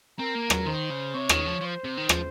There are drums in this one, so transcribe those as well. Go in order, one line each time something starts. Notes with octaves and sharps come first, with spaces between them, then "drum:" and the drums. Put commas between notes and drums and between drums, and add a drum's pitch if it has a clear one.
C4 A#4
A#3
F#3, drum: rim click
D#3 C5
C#3
C3 C#5
D#3, drum: rim click
F3
F3 C5
C3
D#3
F3, drum: rim click